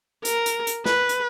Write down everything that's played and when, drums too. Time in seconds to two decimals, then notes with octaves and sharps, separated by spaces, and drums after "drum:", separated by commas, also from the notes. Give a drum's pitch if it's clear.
0.25 A#4, drum: hi-hat
0.46 drum: hi-hat
0.67 drum: hi-hat
0.86 B4, drum: snare
1.09 drum: hi-hat